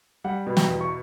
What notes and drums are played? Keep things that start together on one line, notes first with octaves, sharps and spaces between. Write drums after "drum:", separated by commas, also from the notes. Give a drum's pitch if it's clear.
G3 F#5
B2
G5, drum: snare
E2
C#6